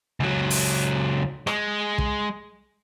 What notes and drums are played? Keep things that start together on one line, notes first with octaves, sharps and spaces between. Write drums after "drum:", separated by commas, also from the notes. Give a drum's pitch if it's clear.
C#2 F#3
drum: open hi-hat
G#3, drum: rim click
drum: kick